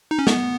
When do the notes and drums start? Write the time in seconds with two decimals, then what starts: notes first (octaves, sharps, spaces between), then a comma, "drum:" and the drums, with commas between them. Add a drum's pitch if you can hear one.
0.11 D#4
0.19 C#4
0.27 B3, drum: snare